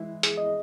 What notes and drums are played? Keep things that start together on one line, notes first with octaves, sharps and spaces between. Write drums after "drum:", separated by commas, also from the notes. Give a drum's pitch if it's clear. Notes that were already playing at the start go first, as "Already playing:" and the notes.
Already playing: E3 G#3 E4
G#4, drum: hi-hat
D#5